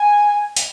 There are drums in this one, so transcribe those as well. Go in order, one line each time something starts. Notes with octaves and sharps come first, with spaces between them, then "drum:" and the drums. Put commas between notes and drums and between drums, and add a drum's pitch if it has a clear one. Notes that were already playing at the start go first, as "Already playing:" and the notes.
Already playing: G#5
drum: hi-hat